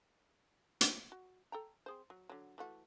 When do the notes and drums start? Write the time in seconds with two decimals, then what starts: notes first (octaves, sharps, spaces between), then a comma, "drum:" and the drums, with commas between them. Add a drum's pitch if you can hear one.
0.81 drum: hi-hat
1.12 F#4
1.52 A4 G5 A#5
1.86 C4 G#4 C5
2.10 F#3
2.30 D3 F#3
2.58 E3 A3 F#4